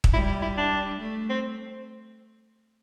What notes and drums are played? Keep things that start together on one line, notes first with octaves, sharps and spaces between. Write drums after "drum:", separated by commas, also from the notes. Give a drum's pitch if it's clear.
drum: kick
G3 E4
E4
E4
D4
A3
C4